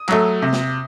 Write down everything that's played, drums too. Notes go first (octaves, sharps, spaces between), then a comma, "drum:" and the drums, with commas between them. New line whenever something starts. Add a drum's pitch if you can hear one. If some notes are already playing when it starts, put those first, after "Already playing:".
Already playing: D#6
F#3 A3, drum: clap
C3
drum: snare